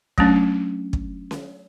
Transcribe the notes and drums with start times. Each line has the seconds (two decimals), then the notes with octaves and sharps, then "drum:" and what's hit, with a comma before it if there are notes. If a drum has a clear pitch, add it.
0.18 F#3 A3 C#4 D4, drum: kick
0.93 drum: kick
1.31 drum: snare C#4